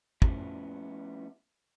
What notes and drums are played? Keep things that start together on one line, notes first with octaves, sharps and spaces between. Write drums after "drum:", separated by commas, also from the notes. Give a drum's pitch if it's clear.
F3 G3 A3 B3 C#4 E4, drum: kick